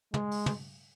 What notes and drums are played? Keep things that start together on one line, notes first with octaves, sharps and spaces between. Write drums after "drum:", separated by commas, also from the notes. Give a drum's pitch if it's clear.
G#3, drum: tom
drum: open hi-hat
drum: tom